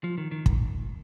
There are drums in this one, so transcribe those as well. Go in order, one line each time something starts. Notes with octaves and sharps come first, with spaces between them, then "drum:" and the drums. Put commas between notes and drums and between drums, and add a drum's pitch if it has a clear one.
F3
D#3
D#3
drum: kick